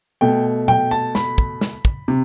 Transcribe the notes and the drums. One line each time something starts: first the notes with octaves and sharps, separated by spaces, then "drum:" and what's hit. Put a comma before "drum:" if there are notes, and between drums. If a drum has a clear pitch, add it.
B2 A3 G5
G5, drum: tom A#2
A5
B5, drum: snare
drum: kick
drum: snare
drum: kick
C3